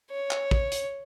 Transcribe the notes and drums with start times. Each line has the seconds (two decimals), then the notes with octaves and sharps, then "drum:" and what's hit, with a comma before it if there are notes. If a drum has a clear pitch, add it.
0.11 C#5
0.31 drum: clap
0.51 drum: kick
0.72 drum: hi-hat